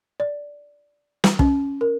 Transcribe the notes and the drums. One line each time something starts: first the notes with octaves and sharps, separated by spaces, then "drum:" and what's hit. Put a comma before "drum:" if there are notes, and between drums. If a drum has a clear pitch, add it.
D5
drum: snare
C#4, drum: kick
A#4